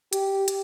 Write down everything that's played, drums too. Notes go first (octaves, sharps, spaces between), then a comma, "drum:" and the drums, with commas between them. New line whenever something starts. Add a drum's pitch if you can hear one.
G4, drum: hi-hat
drum: hi-hat